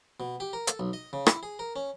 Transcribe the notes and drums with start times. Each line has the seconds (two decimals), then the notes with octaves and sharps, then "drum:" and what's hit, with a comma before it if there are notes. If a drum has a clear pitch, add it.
0.20 B2
0.40 G4
0.53 A#4
0.67 A4, drum: hi-hat
0.80 B1
0.93 D#5
1.13 C#3
1.26 E4, drum: rim click
1.43 G#4
1.59 A#4
1.76 C#4